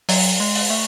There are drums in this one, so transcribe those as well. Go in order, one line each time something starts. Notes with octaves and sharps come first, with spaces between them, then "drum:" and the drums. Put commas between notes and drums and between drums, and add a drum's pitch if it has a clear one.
F#3, drum: open hi-hat
G#3
drum: open hi-hat
A3